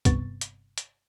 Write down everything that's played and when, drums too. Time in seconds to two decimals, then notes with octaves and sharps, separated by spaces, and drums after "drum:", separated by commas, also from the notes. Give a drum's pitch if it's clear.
0.05 G1 G2 C3 B3 C#6 A6, drum: kick C#2, hi-hat
0.41 drum: hi-hat
0.78 drum: hi-hat